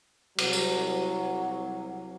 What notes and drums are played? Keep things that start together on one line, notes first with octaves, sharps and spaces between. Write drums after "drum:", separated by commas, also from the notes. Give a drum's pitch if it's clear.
C2 F#3, drum: cymbal
drum: tambourine